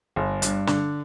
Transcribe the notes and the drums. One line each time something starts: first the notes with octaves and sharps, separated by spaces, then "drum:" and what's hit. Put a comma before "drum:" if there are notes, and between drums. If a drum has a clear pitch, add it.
G1
G2, drum: hi-hat
D3, drum: snare